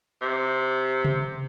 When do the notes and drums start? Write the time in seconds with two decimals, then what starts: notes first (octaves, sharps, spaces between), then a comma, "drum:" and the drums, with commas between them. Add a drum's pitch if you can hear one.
0.22 C3
1.05 drum: tom C3